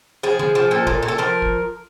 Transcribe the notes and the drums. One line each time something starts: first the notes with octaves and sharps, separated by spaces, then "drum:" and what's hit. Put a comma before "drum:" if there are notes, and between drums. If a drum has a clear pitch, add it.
F3 G#4
F3, drum: tom
F3
A#2 A4
A#2, drum: kick
A#2
A4
F3 A#4
drum: kick